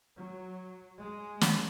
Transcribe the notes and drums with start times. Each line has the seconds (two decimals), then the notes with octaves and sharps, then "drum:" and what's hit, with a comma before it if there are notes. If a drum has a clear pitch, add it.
0.16 F#3
1.01 G#3
1.41 drum: snare